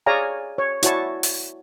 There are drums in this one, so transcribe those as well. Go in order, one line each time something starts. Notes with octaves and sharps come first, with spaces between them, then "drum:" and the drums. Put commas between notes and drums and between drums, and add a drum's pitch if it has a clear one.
G#4 C#5 D5 F5 G#5 A#5
C#5
E4 F#4 C#5 D5 A5 C#6, drum: hi-hat
drum: open hi-hat